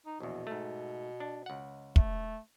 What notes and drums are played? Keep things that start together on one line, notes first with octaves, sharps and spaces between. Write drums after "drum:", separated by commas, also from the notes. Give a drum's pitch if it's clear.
D#4
A#1 E2 B2
G#2 A3
D4
C#2 F#5
A3, drum: kick